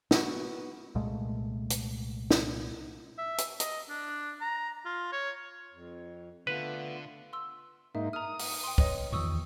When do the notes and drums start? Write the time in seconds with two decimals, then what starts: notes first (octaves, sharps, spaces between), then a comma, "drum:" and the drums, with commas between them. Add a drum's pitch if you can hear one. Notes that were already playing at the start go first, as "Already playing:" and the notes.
0.11 B3 F#4, drum: snare
0.95 C2 A#2 G#3 A3
1.70 drum: hi-hat
2.30 drum: snare
3.18 E5
3.38 drum: hi-hat
3.60 D#5, drum: hi-hat
3.89 D4
4.41 A#5
4.85 F4
5.13 C#5
5.72 F2
6.47 D3 A3 B3 F4 B4
7.33 C6 E6
7.95 G#2 A#3 D#4 E5
8.13 A#5 D#6 F6
8.39 drum: open hi-hat
8.64 G5 C6
8.78 B4 C#5 D#5, drum: kick
9.12 E2 D#3 F3 C#6 D#6 E6